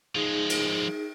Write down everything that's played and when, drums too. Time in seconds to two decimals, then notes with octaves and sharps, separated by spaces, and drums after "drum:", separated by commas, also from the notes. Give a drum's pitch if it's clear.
0.15 F3 G#3 D#4 G#4
0.50 drum: cymbal